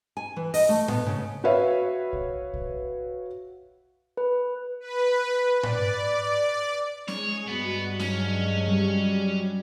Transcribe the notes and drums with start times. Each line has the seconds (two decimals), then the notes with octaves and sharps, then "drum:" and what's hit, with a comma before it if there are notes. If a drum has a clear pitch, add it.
0.17 G#5
0.36 E3
0.54 D#5, drum: open hi-hat
0.69 A3
0.88 B3, drum: tom G#2
1.06 C#3
1.44 F#4 B4 C#5 E5 F5
2.13 drum: kick
2.54 drum: kick
4.17 B4
4.80 B4
5.63 D5, drum: tom G#2
7.08 G#3 C#5 G#5 D#6, drum: snare
7.47 G2 G#3 B3 F#4 C#7
8.00 F#3 C#4, drum: snare
8.68 G3